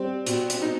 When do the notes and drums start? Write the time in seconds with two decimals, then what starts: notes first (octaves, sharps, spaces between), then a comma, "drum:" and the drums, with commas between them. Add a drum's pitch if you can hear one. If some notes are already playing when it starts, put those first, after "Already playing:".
Already playing: G3 C4
0.27 B2, drum: hi-hat
0.50 drum: hi-hat
0.62 D#4